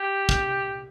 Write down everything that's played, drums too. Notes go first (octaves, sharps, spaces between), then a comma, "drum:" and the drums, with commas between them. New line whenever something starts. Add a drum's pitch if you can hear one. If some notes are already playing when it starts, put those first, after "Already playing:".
Already playing: G4
drum: kick